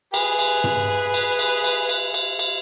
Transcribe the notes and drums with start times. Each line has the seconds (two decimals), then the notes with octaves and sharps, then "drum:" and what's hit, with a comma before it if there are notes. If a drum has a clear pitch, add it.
0.14 G#4 B4, drum: cymbal
0.39 drum: cymbal
0.64 drum: tom
1.14 drum: cymbal
1.39 drum: cymbal
1.64 drum: cymbal
1.89 drum: cymbal
2.14 drum: cymbal
2.39 drum: cymbal